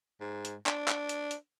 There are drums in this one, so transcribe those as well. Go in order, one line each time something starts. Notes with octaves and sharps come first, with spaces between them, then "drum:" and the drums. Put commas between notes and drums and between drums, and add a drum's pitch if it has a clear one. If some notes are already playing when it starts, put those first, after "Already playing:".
G#2
drum: hi-hat
D4, drum: clap
drum: clap
drum: hi-hat
drum: hi-hat